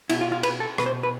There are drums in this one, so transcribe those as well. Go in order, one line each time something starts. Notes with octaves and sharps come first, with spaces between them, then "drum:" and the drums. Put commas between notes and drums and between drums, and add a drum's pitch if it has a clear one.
B2 E4, drum: cymbal
F4
F4
B4, drum: cymbal
A4
B2 B4, drum: rim click
C5
B4